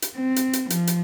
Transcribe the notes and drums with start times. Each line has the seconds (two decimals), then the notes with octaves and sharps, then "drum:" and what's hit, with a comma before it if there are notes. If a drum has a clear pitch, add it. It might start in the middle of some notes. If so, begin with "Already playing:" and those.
0.02 drum: hi-hat
0.16 C4
0.36 drum: hi-hat
0.53 drum: hi-hat
0.70 F3, drum: hi-hat
0.87 drum: hi-hat